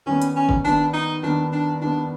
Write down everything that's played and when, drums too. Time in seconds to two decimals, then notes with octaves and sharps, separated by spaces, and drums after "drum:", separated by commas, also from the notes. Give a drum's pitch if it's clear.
0.06 D#3 G3 B3 C#4
0.22 drum: hi-hat
0.36 C#4
0.49 drum: kick F#1
0.65 D#3 G3 B3 D4
0.94 D#4
1.23 D#3 G3 B3 D4
1.52 D4
1.82 D#3 G3 B3 D4